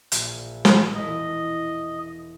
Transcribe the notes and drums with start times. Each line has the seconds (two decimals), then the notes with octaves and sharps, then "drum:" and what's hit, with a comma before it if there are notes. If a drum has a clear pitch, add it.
0.12 A#1 E5, drum: hi-hat
0.65 drum: snare
0.95 E1 E4 D#5